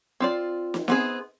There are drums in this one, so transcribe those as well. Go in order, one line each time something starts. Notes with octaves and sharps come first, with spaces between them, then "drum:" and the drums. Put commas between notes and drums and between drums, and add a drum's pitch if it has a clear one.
C4 F4 D5
drum: snare
B3 C4 G#4, drum: snare